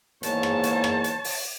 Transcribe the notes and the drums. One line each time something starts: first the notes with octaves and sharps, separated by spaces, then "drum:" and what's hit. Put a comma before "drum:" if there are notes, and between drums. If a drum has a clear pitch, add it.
E2 G#2 A#3 C#5 A5, drum: hi-hat
drum: rim click
drum: hi-hat
drum: rim click
drum: hi-hat
drum: open hi-hat